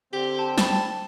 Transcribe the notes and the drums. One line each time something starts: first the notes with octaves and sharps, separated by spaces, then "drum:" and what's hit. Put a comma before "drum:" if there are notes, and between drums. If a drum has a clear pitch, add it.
D3 C4 G4 G7
A5
A5 B5 E7, drum: snare